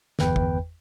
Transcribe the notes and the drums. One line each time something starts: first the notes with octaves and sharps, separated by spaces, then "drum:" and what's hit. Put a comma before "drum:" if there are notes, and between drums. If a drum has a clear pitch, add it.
G1 E2 B4 G5, drum: snare
drum: kick